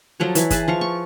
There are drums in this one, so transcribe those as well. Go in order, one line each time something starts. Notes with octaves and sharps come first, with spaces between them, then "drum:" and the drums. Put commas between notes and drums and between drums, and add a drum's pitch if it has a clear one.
F3 F#3 A4 C#5
E3, drum: hi-hat
G#4 B4 A5, drum: kick G1, hi-hat
F3 F5 C#6
C#6